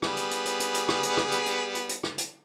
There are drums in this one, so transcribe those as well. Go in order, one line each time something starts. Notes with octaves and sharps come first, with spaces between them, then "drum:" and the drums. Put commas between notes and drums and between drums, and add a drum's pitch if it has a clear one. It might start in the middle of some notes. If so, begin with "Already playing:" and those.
G3 B3 G#4, drum: rim click
drum: hi-hat
drum: hi-hat
drum: hi-hat
drum: hi-hat
drum: hi-hat
drum: rim click
drum: hi-hat
drum: rim click
drum: hi-hat
drum: hi-hat
drum: hi-hat
drum: hi-hat
drum: rim click
drum: hi-hat